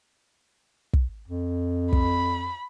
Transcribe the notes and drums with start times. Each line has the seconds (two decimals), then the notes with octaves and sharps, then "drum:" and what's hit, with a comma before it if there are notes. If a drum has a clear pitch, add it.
0.93 drum: kick
1.28 F2
1.93 B5, drum: kick